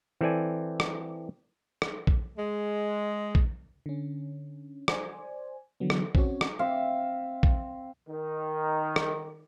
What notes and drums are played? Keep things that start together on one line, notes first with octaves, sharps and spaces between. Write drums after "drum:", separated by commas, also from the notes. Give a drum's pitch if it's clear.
E3 C4 A4 D5 G#5
drum: rim click
drum: rim click
drum: kick A#1
G#3
drum: kick A#1
D3 C#4
C5 D5 G#5, drum: rim click
D3 E3 F#3 B3
drum: rim click
C4 C#4 F#4 C#5, drum: kick A#1
drum: rim click
C4 E5 F5
drum: kick A#1
D#3
drum: rim click